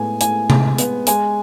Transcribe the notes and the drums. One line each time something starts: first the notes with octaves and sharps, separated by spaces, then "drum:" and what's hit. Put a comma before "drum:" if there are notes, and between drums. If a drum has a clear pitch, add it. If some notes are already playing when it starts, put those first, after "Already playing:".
Already playing: A2 G#3 B3 G#5
A2 G#5, drum: hi-hat
G#3, drum: tom C3
B3, drum: hi-hat
G#3 G#5, drum: hi-hat